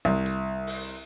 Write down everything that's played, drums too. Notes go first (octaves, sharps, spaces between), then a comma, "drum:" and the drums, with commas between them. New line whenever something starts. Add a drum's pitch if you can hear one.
C2
drum: hi-hat
drum: open hi-hat